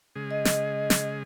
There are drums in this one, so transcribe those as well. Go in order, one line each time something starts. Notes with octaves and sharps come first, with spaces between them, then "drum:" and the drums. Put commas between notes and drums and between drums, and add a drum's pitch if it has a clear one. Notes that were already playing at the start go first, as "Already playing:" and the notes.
C#3 G#3 G#4
D#5
drum: snare
drum: snare